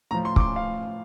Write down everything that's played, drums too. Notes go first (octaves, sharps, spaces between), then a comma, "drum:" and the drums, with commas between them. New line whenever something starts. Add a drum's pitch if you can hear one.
A2 F3 A#5
C6
D6, drum: kick
C6
F5